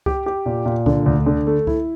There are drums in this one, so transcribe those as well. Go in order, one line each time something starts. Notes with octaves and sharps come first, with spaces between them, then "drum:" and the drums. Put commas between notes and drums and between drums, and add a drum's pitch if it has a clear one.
G4, drum: kick C2
G4
A#2
A#2
D3, drum: kick C2
D2
D3
A3
E4, drum: kick C2